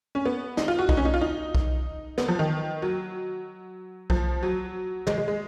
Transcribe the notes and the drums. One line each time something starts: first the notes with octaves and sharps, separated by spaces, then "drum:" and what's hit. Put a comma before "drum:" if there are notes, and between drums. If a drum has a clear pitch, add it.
C#4
B3
D#4, drum: snare
F4
F#4
D#4, drum: kick B1
C#4
D#4
F4
D#4
drum: kick B1
B3, drum: snare
F3
D#3
F#3
F3, drum: kick B1
F#3
G#3, drum: tom
G#3
G#3